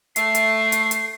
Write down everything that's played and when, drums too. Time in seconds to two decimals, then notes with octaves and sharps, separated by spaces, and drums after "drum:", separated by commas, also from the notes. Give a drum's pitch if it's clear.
0.16 A3 C7, drum: hi-hat
0.35 drum: hi-hat
0.72 drum: hi-hat
0.91 drum: hi-hat